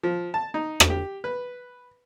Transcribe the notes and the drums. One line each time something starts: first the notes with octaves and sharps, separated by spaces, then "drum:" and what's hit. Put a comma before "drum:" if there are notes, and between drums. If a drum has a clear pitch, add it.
F3
A5
D#4
drum: rim click
G4
B4